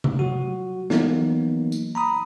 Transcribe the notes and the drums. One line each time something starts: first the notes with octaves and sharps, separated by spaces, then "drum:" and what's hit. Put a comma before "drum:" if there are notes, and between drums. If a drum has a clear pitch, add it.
drum: tom C3
F#3 F#4
E3 F#3 A#3 B3 D#4, drum: snare
drum: tambourine
A#5 B5 D#6